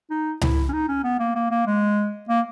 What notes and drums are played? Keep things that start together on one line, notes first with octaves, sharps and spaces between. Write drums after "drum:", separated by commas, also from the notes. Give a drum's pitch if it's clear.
D#4
E4, drum: tom C#2
C#4
D#4
C#4
B3
A#3
A#3
A#3
G#3
A#3